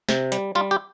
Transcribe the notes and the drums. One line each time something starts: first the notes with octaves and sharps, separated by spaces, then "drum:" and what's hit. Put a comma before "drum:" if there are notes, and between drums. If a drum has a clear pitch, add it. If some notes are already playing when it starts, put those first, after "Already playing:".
C3, drum: snare
G3, drum: hi-hat
G3 F4
G4